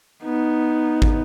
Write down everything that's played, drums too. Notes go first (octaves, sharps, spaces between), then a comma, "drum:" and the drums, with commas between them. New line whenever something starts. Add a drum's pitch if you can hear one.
B3 D#4
drum: kick